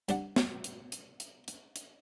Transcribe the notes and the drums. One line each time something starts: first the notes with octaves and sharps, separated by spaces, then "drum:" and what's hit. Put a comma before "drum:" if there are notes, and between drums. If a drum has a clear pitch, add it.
G2 G3 D4 D5 F#5, drum: hi-hat
drum: snare
drum: hi-hat
drum: hi-hat
drum: hi-hat
drum: hi-hat
drum: hi-hat